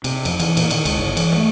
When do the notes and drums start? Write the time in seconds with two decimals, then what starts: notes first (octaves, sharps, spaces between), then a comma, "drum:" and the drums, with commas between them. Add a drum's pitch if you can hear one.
0.04 C3, drum: cymbal
0.25 F2, drum: cymbal
0.40 E3, drum: cymbal
0.57 A#2, drum: cymbal
0.71 D#3, drum: cymbal
0.85 C#2, drum: cymbal
0.97 G1
1.17 E3, drum: cymbal
1.37 A3